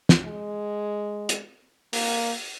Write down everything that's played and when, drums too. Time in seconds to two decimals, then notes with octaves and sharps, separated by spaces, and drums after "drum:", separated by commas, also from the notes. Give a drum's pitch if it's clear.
0.09 drum: snare
0.25 G#3
1.29 drum: hi-hat
1.93 A#3, drum: open hi-hat